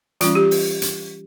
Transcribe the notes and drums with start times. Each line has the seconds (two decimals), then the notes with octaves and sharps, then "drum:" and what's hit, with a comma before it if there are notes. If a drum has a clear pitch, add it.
0.21 E3 G3 C#4 F4, drum: hi-hat
0.35 G4
0.51 drum: open hi-hat
0.82 drum: hi-hat